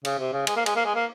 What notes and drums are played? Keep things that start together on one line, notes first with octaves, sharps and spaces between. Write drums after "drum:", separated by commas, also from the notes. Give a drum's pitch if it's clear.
C#3, drum: cymbal
C3
C#3
G#3, drum: cymbal
A#3
G#3, drum: cymbal
A#3
G#3
A#3